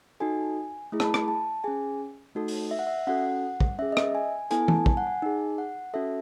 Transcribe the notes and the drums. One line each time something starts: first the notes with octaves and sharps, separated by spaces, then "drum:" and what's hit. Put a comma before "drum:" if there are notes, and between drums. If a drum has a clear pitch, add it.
D#4 F#4 A4 G#5
A3 E4 G#4
A5, drum: rim click
B5
drum: rim click
A5
C#4 G#4 G#5
A3 D#4 F#4 A4
drum: open hi-hat
E5
F#5
E5
C#4 F#4 A4 F#5
drum: kick
C#4 G#4 E5
D#5
E5, drum: rim click
G#5
B3 E4 A4 G#5, drum: hi-hat
A5, drum: tom E3
G#5, drum: kick
F#5
G#5
D#4 G#4
F#5
C#4 F#4 A4 E5